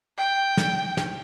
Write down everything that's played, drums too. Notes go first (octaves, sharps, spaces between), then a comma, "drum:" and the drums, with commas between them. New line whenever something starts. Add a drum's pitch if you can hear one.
G5
drum: snare
drum: snare